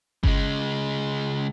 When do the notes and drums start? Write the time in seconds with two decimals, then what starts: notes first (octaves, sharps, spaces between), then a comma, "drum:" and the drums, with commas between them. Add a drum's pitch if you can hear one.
0.23 C#3 G#3, drum: kick G1